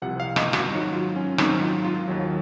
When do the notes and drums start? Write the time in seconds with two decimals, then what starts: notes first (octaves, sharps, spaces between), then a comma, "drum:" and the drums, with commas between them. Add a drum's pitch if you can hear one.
0.02 C2 C3 F3 F#5
0.20 F5
0.36 D#5, drum: rim click
0.53 F#4, drum: rim click
0.70 G#2 D#3 F#3 F#4
0.93 F4
1.16 C#4
1.38 G#2 D#3 F#3 C4, drum: rim click
1.62 F4
1.85 F4
2.08 D#2 D#3 F#3